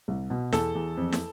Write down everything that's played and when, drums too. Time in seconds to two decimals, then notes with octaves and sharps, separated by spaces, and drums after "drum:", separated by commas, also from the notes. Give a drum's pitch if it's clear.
0.08 C2
0.30 B2
0.52 E2 A4, drum: snare
0.75 E2
0.97 F2
1.12 drum: snare